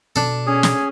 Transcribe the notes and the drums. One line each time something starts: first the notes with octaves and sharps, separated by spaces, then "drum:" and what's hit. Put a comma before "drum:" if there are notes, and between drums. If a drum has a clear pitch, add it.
B2 D4 A4
C#4 G#4
drum: snare